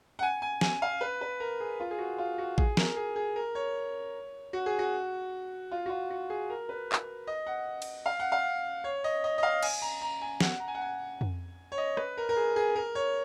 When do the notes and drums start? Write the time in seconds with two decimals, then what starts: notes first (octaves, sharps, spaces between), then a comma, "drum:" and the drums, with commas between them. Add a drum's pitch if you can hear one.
0.19 F#5
0.23 G#5
0.42 G#5
0.61 G#5, drum: snare
0.82 F5
1.01 B4
1.21 B4
1.40 A#4
1.60 G#4
1.80 F4
1.91 G#4
1.98 F#4
2.18 F4
2.38 F#4
2.58 G#4, drum: kick A1
2.77 A#4, drum: snare
2.97 G#4
3.16 G#4
3.36 A#4
3.55 C#5
4.53 F#4
4.66 G#4
4.79 F#4
5.72 F4
5.86 F#4
5.90 F4
6.10 F#4
6.30 G#4
6.50 A#4
6.69 B4
6.92 drum: clap
7.27 D#5
7.47 F#5
7.82 drum: cymbal
8.06 F5
8.20 F#5
8.32 F5
8.84 C#5
9.04 D#5
9.24 D#5
9.38 D#5
9.43 F5
9.63 G#5, drum: cymbal
9.82 A#5
10.02 A#5
10.21 G#5
10.40 F#5, drum: snare
10.60 A#5
10.68 G#5
10.75 F#5
10.81 G#5
11.21 drum: tom F2
11.72 C#5
11.78 D#5
11.97 B4, drum: rim click
12.18 A#4
12.29 A#4
12.37 G#4
12.56 G#4
12.76 A#4
12.95 C#5